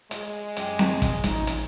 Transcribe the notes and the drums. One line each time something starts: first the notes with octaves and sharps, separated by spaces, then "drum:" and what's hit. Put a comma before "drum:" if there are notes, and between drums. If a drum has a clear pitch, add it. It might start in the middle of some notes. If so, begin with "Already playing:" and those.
G#3, drum: hi-hat
F#2 G4, drum: hi-hat
drum: snare C4
drum: kick, hi-hat
A1 C#3 F3 F#3 D#4, drum: hi-hat
drum: hi-hat